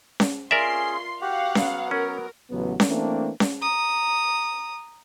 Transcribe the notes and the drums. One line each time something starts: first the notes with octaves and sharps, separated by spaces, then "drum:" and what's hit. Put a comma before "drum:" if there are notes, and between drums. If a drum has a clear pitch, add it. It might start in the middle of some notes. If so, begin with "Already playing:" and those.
drum: snare C#4
C#4 F4 G#4 A#4 D5 E5 C6 C7
F#4 G4 F5 F#5
F#3 B3 F#4, drum: snare C#4
C#4 A#4
A1 C#3 F#3 B3
drum: snare C#4
E3 A3 A#3 C4 D4
drum: snare C#4
A#5 D#6